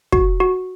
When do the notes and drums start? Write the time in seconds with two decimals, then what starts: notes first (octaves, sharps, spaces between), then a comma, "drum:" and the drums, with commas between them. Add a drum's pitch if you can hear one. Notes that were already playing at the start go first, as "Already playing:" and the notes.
0.12 F#4, drum: kick
0.40 F#4